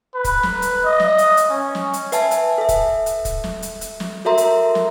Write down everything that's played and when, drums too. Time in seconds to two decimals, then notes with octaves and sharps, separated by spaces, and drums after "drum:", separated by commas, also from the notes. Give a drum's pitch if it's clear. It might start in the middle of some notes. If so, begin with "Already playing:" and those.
0.15 B4
0.24 drum: kick, hi-hat
0.43 drum: snare
0.62 drum: hi-hat
0.85 D#5
1.00 drum: snare
1.18 drum: hi-hat
1.37 drum: hi-hat
1.50 C#4
1.75 drum: snare
1.93 drum: hi-hat
2.12 B4 E5 G#5 A5, drum: hi-hat
2.31 drum: hi-hat
2.58 A4 E5
2.69 drum: kick, hi-hat
3.06 drum: hi-hat
3.25 drum: kick, hi-hat
3.44 drum: snare
3.62 drum: hi-hat
3.81 drum: hi-hat
4.00 drum: snare
4.25 F#4 A4 A#4 E5 A#5 C6
4.38 drum: hi-hat
4.75 drum: snare